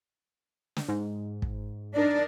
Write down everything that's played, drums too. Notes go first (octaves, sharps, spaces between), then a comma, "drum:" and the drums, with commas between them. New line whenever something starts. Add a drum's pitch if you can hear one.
drum: snare
G#2
drum: kick
D4 D#4 A#4 D5